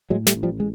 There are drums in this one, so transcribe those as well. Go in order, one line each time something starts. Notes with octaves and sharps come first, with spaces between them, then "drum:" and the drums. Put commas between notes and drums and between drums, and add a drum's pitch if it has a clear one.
A2 F#3 G#3
G3 A3, drum: snare
A1
F3 G3
G#3